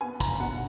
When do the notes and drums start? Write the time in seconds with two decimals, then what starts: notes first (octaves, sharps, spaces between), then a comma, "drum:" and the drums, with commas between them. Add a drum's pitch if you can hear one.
0.01 B3 G#5
0.20 A#5, drum: kick, tambourine
0.40 B2 F#5